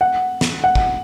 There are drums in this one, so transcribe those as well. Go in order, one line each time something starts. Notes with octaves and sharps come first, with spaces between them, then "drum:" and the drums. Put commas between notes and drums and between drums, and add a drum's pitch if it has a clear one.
F#5
drum: snare
F#5
drum: kick